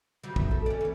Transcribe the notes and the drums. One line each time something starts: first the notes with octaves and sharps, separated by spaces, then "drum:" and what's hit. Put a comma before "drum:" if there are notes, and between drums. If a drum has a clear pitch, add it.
F#3 G3
E5, drum: kick
A4
C#4 D5
E3 B3